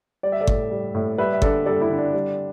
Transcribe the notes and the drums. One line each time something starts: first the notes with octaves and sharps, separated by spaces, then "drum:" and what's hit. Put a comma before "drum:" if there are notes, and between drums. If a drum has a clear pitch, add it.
G3 D5
E5
A4 D5
A2, drum: kick G1
G3
A2
G3 B4 E5
E5
D3 A4 D5, drum: kick G1
G3 A4 D5
E4
D3
D4
G3